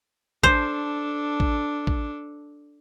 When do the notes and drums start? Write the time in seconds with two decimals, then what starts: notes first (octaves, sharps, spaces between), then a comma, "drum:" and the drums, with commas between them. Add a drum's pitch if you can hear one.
0.43 D4 A4 C5, drum: kick A1
1.40 drum: kick A1
1.87 drum: kick A1